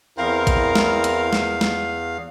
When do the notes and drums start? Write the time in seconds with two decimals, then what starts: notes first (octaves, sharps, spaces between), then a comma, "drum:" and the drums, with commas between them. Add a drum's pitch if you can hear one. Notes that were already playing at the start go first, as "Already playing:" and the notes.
0.18 E2 C4 E4 A#4 F5
0.47 drum: kick A#1, hi-hat
0.75 drum: snare
1.04 drum: hi-hat
1.33 drum: snare
1.61 drum: snare